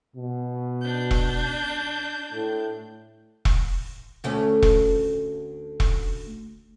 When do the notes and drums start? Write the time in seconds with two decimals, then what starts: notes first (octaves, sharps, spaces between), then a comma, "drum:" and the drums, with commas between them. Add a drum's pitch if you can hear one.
0.15 B2
0.81 D4 G6
1.11 drum: kick E1
2.32 A2 A3
3.45 drum: kick E1
4.24 D2 A3 C#4
4.62 drum: kick E1
5.80 drum: kick E1